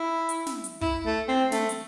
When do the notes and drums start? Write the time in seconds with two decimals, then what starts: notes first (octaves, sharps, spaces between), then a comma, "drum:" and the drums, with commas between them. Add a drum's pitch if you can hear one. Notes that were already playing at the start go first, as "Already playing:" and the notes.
Already playing: E4
0.29 drum: hi-hat
0.46 drum: snare
0.64 drum: hi-hat
0.81 E4, drum: kick
1.05 A3
1.28 C4
1.52 A3, drum: snare
1.69 drum: hi-hat